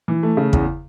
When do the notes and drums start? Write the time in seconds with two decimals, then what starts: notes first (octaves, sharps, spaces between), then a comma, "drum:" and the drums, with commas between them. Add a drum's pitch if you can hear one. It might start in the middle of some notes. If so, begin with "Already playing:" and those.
0.08 E3
0.23 A3
0.37 C#3
0.53 E2, drum: kick